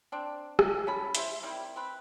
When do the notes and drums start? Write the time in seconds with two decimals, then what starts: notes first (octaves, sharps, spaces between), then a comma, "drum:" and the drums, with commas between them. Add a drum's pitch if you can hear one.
0.12 C4 D4
0.59 drum: rim click
0.87 C#4 A5 B5
1.15 E4 C5 E5, drum: hi-hat
1.43 D#3 G3 C4 E4
1.76 C4 B4